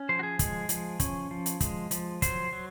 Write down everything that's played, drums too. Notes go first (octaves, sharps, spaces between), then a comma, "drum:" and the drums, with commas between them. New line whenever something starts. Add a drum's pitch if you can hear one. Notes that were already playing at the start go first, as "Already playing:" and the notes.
Already playing: C#4
F3 C5
F#4
G#4
G#3, drum: kick, hi-hat
F3, drum: hi-hat
C#4, drum: kick, hi-hat
F3
drum: hi-hat
G#3, drum: kick, hi-hat
F3, drum: hi-hat
F#3 C5, drum: kick, hi-hat
F#3